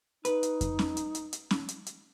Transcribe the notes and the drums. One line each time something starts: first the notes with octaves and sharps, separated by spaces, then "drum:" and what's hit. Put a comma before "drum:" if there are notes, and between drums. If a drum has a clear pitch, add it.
D#4 B4, drum: hi-hat
drum: hi-hat
drum: kick F2, hi-hat
drum: snare C#4
drum: hi-hat
drum: hi-hat
drum: hi-hat
drum: snare C#4
drum: hi-hat
drum: hi-hat